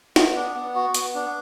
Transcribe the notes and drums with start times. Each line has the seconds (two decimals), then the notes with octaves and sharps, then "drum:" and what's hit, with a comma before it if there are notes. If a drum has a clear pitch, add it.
0.16 B3, drum: snare
0.36 D4
0.55 B3
0.75 F#4
0.94 B3, drum: hi-hat
1.15 D4